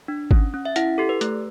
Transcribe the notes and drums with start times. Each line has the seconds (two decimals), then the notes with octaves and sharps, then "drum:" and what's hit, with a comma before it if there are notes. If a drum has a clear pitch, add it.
0.08 D4
0.31 C#4, drum: kick G#1
0.54 C#4
0.65 E5
0.76 E4 F#5, drum: hi-hat
0.98 G4 A4
1.09 B4
1.21 A3, drum: hi-hat